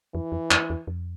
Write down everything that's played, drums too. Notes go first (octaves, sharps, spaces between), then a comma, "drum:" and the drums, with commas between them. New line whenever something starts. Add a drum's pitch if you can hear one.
F2 E3
F2
F2, drum: clap
E2
F2